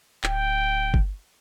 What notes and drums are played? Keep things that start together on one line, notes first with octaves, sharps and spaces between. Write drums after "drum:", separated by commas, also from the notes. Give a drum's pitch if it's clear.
D1 G5, drum: clap
drum: kick G1